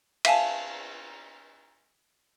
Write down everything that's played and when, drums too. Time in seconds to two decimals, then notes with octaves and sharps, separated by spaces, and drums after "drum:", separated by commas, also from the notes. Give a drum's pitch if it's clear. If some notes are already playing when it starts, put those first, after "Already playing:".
0.25 E5 F5 G#5 A5, drum: cymbal